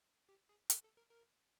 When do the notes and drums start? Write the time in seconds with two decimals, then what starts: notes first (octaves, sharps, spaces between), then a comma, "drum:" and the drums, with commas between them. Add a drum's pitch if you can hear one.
0.29 G4
0.49 G#4
0.70 A4, drum: hi-hat
0.83 A4
0.97 A#4
1.10 A#4